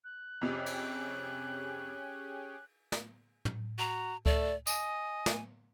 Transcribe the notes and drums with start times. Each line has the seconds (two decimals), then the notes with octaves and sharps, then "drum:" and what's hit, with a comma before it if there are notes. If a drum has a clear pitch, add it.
0.04 F#6
0.41 F2 C3 C#4 G4 G#4
0.66 drum: cymbal
2.92 drum: snare
3.45 drum: tom
3.78 F#4 A#5
4.26 A3 D5, drum: kick C#2
4.67 D#5 G#5, drum: tambourine
5.26 drum: snare